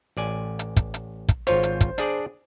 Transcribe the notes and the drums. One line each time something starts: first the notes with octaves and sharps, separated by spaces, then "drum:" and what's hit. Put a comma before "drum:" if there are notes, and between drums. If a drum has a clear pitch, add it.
A1 D5 G#5
drum: hi-hat
drum: kick, hi-hat
drum: hi-hat
drum: kick, hi-hat
G#1 F4 C5 C#5, drum: hi-hat
drum: hi-hat
drum: kick, hi-hat
D4 G#4 D5, drum: hi-hat